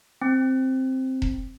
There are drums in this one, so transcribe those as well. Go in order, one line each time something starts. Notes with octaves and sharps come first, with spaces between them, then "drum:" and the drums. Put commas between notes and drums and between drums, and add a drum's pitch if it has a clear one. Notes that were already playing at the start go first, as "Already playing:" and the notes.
C4
drum: kick E1